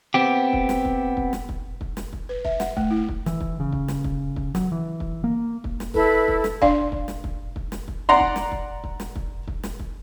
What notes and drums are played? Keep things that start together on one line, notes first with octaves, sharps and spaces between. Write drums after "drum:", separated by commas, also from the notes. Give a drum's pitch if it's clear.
B3 C4 G4
drum: kick
drum: snare
drum: kick
drum: kick
drum: snare
drum: kick
drum: kick
drum: snare
drum: kick
B4
E5, drum: kick
F#5, drum: snare
A3, drum: kick
E4
drum: kick
E3, drum: snare
drum: kick
C#3
drum: kick
drum: snare
drum: kick
drum: kick
F#3, drum: snare
E3
drum: kick
A#3
drum: kick
drum: snare
E4 A4 B4, drum: kick
drum: kick
drum: snare
D4 D5 F5, drum: kick
drum: kick
drum: snare
drum: kick
drum: kick
drum: snare
drum: kick
D5 F#5 A#5 C6
drum: kick
drum: snare
drum: kick
drum: kick
drum: snare
drum: kick
drum: kick
drum: snare
drum: kick